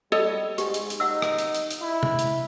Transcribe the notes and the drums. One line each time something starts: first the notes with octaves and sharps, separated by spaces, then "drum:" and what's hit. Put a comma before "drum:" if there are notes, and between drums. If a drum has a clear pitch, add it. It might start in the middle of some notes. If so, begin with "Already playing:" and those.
G3 A4 C#5 D#5
G#2 G4, drum: hi-hat
drum: hi-hat
drum: hi-hat
D#4 F#5 E6
drum: rim click
drum: hi-hat
drum: hi-hat
drum: hi-hat
E4
drum: tom C3
drum: hi-hat